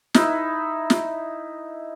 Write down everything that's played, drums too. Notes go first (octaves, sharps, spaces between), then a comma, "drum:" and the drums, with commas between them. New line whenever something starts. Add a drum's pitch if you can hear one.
D#4 E4 B4 E5, drum: snare
drum: snare